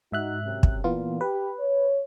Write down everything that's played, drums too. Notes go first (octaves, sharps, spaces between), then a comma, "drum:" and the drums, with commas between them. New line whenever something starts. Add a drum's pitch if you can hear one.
G#2 D#4 F#4 E5 F#6
F#2 C3
drum: kick
A#2 E3 B3 F4
G4 B4
C#5